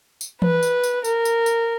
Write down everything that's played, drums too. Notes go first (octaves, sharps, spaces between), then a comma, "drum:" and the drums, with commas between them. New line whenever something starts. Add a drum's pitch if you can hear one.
drum: tambourine
B4, drum: tom E3
drum: tambourine
drum: tambourine
A#4, drum: tambourine
drum: tambourine
drum: tambourine